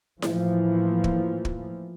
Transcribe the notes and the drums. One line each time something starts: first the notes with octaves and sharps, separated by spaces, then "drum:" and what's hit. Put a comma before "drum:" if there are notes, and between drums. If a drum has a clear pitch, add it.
A2 E3 F3 A#3, drum: snare E4
drum: kick
drum: kick